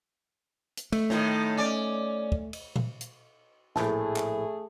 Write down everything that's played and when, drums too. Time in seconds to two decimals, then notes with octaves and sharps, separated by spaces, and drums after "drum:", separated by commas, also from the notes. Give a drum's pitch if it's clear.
0.77 drum: hi-hat
0.92 A3, drum: cymbal
1.10 A2 D#3, drum: snare
1.58 C#4 D5
2.32 drum: kick
2.53 drum: cymbal
2.76 drum: tom A#2
3.01 drum: hi-hat
3.76 A#1 A2 A3 G#4 A5, drum: snare
4.16 drum: clap